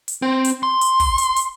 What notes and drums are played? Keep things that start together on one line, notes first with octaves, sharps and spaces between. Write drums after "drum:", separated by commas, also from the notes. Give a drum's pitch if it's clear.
drum: hi-hat
C4
drum: hi-hat
C6
drum: hi-hat
drum: kick, open hi-hat
drum: hi-hat
drum: hi-hat